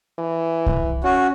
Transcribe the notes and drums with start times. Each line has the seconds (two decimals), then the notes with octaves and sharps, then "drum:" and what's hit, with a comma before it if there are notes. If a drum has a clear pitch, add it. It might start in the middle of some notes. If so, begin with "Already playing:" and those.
0.19 E3
0.66 drum: kick C2
1.04 C#4 F#4